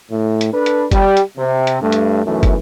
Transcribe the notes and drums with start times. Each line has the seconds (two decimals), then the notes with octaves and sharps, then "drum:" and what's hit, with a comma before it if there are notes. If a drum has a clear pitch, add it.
0.11 A2
0.41 drum: hi-hat
0.53 D4 A4 B4
0.66 drum: hi-hat
0.91 G3, drum: kick, hi-hat
1.17 drum: hi-hat
1.38 C3
1.67 drum: hi-hat
1.81 G2 A3
1.92 drum: hi-hat
2.25 B1 F#2 E3 A3
2.43 drum: kick, hi-hat